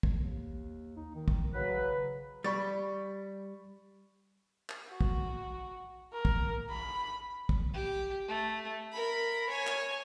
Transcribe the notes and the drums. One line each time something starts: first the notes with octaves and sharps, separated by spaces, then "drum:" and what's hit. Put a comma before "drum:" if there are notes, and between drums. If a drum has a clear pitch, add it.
drum: kick
D#2
D#4
D#3
drum: kick
C#3 F#3 B4
G3 B5 C#6 A6
drum: clap
F#4
drum: kick
A#4
drum: kick
B5
drum: kick
G4
A3
A#4 B5
C#5 G#5
drum: clap